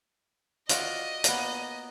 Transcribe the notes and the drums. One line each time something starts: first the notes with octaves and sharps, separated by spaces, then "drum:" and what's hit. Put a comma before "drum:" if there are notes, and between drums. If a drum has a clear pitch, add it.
F4 F#4 D5 D#5, drum: hi-hat
A#3 B3, drum: hi-hat